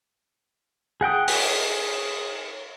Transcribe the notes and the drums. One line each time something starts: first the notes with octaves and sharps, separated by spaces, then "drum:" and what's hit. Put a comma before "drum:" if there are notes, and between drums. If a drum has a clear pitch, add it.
G#4 F#5 G5 D#6
G#4, drum: open hi-hat